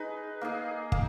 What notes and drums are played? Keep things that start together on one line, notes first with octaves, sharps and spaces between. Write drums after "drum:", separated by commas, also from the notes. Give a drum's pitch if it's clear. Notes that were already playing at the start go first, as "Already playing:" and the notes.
Already playing: D#4 G#4 B4
A#3 D#4 G#4
A#3, drum: kick